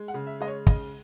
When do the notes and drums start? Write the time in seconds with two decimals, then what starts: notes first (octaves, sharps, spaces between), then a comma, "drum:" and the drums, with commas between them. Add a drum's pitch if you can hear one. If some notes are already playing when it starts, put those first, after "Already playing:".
Already playing: G#3
0.08 F#5
0.14 C#3
0.27 E5
0.40 G#3 D#5
0.48 C#5
0.67 C#3 D#5, drum: kick